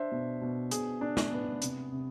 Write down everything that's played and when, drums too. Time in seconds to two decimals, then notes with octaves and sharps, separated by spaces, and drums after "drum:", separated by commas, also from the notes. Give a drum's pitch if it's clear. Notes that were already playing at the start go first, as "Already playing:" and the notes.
Already playing: D4 C5 E5
0.12 B2
0.41 B2
0.71 B2 G#4, drum: hi-hat
1.01 D4
1.17 drum: snare
1.31 B3
1.62 C3, drum: hi-hat
1.92 C3